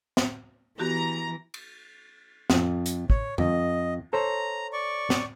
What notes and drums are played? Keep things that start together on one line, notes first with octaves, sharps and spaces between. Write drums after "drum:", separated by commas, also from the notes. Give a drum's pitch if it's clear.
drum: snare
E3 B3 F#4 G4 A#5
drum: cymbal
F2, drum: snare
drum: hi-hat
C#5, drum: kick
F2 D#5, drum: tom F2
A4 C5 C#5 A#5
D5 C#6
drum: snare